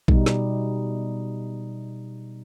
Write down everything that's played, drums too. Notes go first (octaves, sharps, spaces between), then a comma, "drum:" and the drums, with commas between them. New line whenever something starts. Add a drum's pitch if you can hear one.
B2 G3 D#4, drum: kick A#1
drum: snare